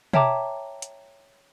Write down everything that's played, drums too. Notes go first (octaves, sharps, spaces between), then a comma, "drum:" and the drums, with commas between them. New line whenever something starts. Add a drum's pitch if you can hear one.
C#5 E5 G5 A5 A#5 D6, drum: tom
drum: hi-hat